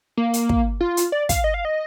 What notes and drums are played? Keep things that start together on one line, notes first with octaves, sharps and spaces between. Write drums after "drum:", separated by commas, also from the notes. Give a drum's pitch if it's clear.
A#3
drum: hi-hat
drum: kick
F4
drum: hi-hat
D5
F5, drum: kick, hi-hat
D#5
F5
D#5